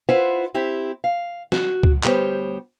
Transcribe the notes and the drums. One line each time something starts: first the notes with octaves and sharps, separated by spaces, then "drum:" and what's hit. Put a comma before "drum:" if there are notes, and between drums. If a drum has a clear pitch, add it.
E4 F4 B4 C5 E5 F#5
C4 E4 G4
F5
F#4, drum: snare
drum: kick C#2
D2 G3 B3 G4 C5 C#5, drum: clap